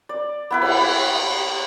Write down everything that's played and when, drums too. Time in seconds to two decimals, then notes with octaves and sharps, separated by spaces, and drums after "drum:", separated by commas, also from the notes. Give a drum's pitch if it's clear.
0.09 D5
0.51 B3 E4 B4
0.62 drum: cymbal